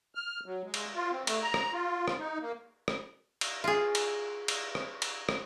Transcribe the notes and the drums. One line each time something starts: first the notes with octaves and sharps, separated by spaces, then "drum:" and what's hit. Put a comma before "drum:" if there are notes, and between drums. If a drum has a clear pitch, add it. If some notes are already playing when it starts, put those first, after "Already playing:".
F6
F#3
G#3
drum: cymbal
F4
C4
A3, drum: cymbal
A#5
drum: rim click
F4
drum: rim click
D#4
A#3
drum: rim click
drum: cymbal
F4 G#4
drum: cymbal
drum: cymbal
drum: rim click
drum: cymbal
drum: rim click